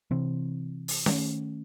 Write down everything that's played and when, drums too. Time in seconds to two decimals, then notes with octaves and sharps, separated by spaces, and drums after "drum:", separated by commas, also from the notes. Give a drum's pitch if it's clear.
0.11 C3 E3 C4
0.88 drum: open hi-hat
1.06 D#3 A3 C#4, drum: snare C#4